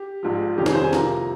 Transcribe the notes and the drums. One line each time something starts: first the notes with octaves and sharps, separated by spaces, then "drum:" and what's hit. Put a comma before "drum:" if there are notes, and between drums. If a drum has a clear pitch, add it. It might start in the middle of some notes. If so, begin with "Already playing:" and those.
Already playing: G4
A#1 G#2 F3
F1 F2 D#3 G3 C#4 G4
G#4, drum: snare
C5
G#5
C2 C3 F3 A#3 A#5, drum: snare